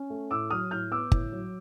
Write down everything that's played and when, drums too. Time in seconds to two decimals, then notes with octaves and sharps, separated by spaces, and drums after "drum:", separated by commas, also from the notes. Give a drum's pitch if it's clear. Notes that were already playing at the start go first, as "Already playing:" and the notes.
Already playing: C#4
0.10 A3
0.31 A2 D6 E6
0.51 F#3 D#6 F6
0.71 A2 F6 G6
0.91 B3 D6 E6
1.12 A2, drum: kick G1
1.32 F#3